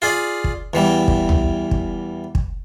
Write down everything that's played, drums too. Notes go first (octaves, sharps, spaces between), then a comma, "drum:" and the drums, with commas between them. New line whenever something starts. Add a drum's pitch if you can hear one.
F4 G#4 D5
drum: kick
E2 E3 G3
drum: kick
drum: tom
drum: kick
drum: kick